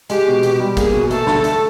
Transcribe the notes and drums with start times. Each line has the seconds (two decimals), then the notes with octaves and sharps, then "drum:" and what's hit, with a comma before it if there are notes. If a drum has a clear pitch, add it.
0.10 G#3 G4, drum: hi-hat
0.28 B2
0.43 B2, drum: hi-hat
0.60 G3
0.77 A#3 G#4, drum: kick G#1, hi-hat
0.94 B2
1.11 A3 A4, drum: hi-hat
1.27 D2, drum: snare
1.44 A3, drum: hi-hat